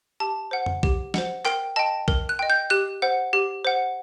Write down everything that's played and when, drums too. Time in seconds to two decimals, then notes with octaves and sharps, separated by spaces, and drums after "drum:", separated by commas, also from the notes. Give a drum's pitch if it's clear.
0.20 G4 A5
0.51 C5 F#5
0.66 drum: tom F2
0.83 G4, drum: kick B1
1.14 C5 F#5, drum: snare
1.45 A#4 G5, drum: clap
1.76 D#5 G5 A5
2.08 A#4, drum: kick B1
2.29 F#6
2.39 D#5 G5
2.50 G6
2.70 G4 F#6
3.02 C5 F#5
3.33 G4
3.65 C5 F#5